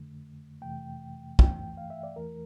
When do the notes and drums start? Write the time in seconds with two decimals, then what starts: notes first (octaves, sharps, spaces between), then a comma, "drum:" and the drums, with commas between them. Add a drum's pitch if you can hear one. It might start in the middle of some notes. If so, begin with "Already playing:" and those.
Already playing: F2 D3 A3
0.62 F2 C3 E3 A3 G5
1.39 G2 E3 A3 G5, drum: kick
1.77 F5
1.90 E5
2.03 D5
2.16 E2 E3 A3 A#4